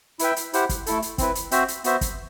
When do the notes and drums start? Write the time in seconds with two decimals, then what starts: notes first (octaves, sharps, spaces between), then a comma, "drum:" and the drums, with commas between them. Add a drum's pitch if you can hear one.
0.19 E4 B4 E5 G5, drum: hi-hat
0.36 drum: hi-hat
0.53 E4 G4 C5 F#5, drum: hi-hat
0.69 drum: kick F#1, hi-hat
0.86 A3 E4 A4, drum: hi-hat
1.02 drum: hi-hat
1.18 C4 E4 B4, drum: kick F#1, hi-hat
1.35 drum: hi-hat
1.51 C4 F#4 C5 E5, drum: hi-hat
1.68 drum: hi-hat
1.84 B3 F#4 C5 E5, drum: hi-hat
2.01 drum: kick F#1, hi-hat